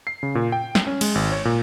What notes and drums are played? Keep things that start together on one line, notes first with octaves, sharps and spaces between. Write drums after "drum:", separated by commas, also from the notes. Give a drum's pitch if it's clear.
C7
C#3
A#2
G5
drum: snare
C#4
G#3, drum: cymbal
G#1
C#5
A#2